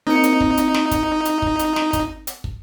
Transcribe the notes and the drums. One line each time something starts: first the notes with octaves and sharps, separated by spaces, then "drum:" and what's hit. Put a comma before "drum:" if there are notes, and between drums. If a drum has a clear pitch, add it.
A#3 C4 D#4 C#7
drum: hi-hat
drum: kick
drum: hi-hat
drum: snare
drum: kick, hi-hat
drum: hi-hat
drum: kick
drum: hi-hat
drum: snare
drum: kick, hi-hat
drum: hi-hat
drum: kick